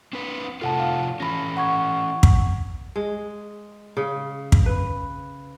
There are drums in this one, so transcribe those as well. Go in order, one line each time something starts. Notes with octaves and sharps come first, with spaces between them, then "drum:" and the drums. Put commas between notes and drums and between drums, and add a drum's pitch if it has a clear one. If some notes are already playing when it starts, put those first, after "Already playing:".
C4 D4 B4
A2 C3 F4 A4 F#5 A5
F5
E3 C#4 B5 A#6
F#5 C#6 G#6
drum: kick
G#3
C#3
drum: kick
B4